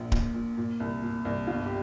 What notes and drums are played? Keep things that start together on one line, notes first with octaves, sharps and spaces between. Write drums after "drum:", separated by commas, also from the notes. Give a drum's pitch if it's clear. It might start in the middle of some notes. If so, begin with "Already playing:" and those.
Already playing: A#1 A#2
A#2, drum: kick D1
A#2
A#2
C2
A#2
C2
G1 F4
G4